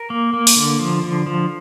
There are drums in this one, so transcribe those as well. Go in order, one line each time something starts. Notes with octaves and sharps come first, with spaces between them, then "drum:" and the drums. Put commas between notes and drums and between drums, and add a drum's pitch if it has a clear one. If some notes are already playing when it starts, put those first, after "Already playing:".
Already playing: A#4
A#3
A#3
drum: open hi-hat
D3
F3
D3
F3